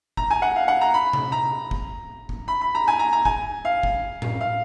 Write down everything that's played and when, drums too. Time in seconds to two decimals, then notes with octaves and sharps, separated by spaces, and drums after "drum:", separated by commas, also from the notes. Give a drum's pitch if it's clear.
0.17 A#5, drum: kick F#1
0.30 G#5
0.42 F#5
0.56 F5
0.68 F#5
0.81 A#5
0.94 B5
1.13 drum: tom C3
1.32 A#5
1.71 drum: kick F#1
2.29 drum: kick F#1
2.48 B5
2.61 B5
2.75 A#5
2.88 G#5
2.99 A#5
3.13 A#5
3.25 G#5, drum: kick F#1
3.65 F5
3.83 drum: kick F#1
4.22 drum: tom A2
4.41 F5